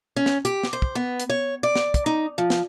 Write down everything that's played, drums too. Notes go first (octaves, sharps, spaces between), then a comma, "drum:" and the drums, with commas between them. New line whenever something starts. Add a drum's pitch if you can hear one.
C#4
drum: snare
G4, drum: hi-hat
drum: snare
C5
drum: kick
B3
drum: hi-hat
C#5
D5
drum: snare
drum: kick, hi-hat
D#4
F3
drum: snare